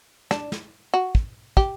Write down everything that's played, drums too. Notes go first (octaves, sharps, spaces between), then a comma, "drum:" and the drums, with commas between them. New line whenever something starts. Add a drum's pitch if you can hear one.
D4, drum: snare
drum: snare
F#4
drum: kick
G4, drum: kick